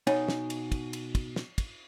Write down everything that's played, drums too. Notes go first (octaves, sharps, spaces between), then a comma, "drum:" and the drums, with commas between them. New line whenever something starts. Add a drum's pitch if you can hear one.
B2 D#4 C#5 G#5, drum: cymbal
drum: snare
drum: cymbal
drum: kick, cymbal
drum: cymbal
drum: kick, cymbal
drum: snare
drum: kick, cymbal